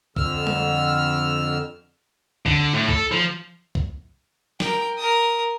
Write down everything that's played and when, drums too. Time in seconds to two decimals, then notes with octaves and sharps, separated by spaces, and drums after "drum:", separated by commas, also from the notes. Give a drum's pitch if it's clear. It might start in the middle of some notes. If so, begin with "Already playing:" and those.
0.16 F2 D3 E6 F6, drum: kick
0.47 drum: tom G3
2.46 D3, drum: kick
2.73 A2
2.89 A4, drum: kick
3.12 F3
3.75 drum: kick
4.60 A#4 G5, drum: snare
4.98 A#4 D#6